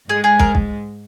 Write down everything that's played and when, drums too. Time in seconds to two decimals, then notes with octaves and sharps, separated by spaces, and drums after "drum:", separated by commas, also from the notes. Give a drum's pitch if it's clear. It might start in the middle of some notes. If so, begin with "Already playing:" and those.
0.09 G#2 G#3 G#4
0.24 G#4
0.39 A#4, drum: kick
0.55 drum: kick